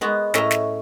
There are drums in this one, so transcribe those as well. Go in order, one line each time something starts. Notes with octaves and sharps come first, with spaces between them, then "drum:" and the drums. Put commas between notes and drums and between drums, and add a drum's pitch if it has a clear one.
G#3 B3 F#4
A2 C#4 A4 D#5 E5 A#5, drum: snare
drum: snare